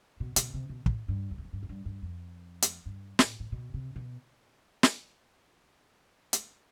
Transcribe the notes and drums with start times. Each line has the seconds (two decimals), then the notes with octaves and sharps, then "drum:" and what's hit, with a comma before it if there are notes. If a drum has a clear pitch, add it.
0.20 B2
0.36 B2, drum: hi-hat
0.54 C3
0.69 B2
0.86 A2, drum: kick
1.08 G2
1.31 F2
1.38 E2
1.45 F2
1.53 G2
1.63 F2
1.69 G2
1.85 G2
2.02 F2
2.62 drum: hi-hat
2.86 G2
3.19 A2, drum: snare
3.40 A2
3.52 B2
3.74 C3
3.96 B2
4.83 drum: snare
6.33 drum: hi-hat